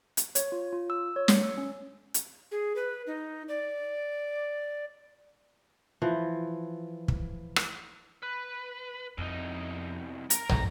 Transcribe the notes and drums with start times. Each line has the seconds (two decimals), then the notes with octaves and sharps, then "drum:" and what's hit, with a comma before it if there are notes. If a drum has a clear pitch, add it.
0.17 drum: hi-hat
0.35 C#5, drum: hi-hat
0.52 F4
0.73 F4
0.90 E6
1.16 C#5
1.28 C#7, drum: snare
1.44 E6
1.58 C#4
2.14 drum: hi-hat
2.51 G#4
2.76 B4
3.07 D#4
3.48 D5
6.02 E3 F3
7.08 drum: kick
7.56 drum: rim click
8.23 B4
9.18 C2 F2 D#4
10.30 A#4, drum: hi-hat
10.49 G#1 G#2 A#5, drum: tom